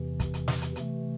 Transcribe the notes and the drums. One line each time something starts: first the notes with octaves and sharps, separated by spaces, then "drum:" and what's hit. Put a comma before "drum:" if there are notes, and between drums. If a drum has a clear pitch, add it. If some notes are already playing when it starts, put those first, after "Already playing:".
Already playing: E2 C3 E3
drum: kick, hi-hat
drum: hi-hat
drum: snare
drum: hi-hat
C3 E3 A3, drum: hi-hat